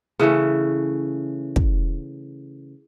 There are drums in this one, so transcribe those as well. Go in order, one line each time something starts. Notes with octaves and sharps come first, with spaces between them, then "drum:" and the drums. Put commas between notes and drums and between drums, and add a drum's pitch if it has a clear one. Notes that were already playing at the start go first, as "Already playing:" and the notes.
C#3 E3 A3 C#4
drum: kick